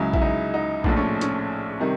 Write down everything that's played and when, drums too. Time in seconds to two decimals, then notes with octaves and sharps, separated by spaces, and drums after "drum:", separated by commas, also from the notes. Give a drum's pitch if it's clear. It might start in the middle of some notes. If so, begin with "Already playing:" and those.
Already playing: C#2 C#3 F#3 E4
0.14 E4, drum: kick A#1
0.21 D#4
0.54 D#4
0.84 A#1 A2 F3 D4, drum: kick A#1
0.97 C#4
1.21 C#4, drum: hi-hat
1.80 C3 D#3 G3